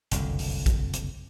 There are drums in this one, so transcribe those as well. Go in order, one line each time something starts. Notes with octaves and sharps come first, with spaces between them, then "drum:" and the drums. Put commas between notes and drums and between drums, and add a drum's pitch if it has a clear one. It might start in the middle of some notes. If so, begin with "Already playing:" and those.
F#1 C2 F2 D3, drum: hi-hat
drum: open hi-hat
drum: kick, hi-hat
drum: hi-hat